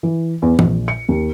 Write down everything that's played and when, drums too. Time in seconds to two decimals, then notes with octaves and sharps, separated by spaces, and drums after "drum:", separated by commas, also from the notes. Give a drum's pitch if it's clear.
0.03 E3
0.42 E2
0.59 A#1, drum: tom E3
0.88 C#7
1.09 D#2